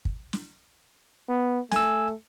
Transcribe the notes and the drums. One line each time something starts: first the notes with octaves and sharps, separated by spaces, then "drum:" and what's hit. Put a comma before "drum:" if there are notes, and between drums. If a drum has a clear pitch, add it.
drum: kick
drum: snare
B3
A3 G#5 E6, drum: snare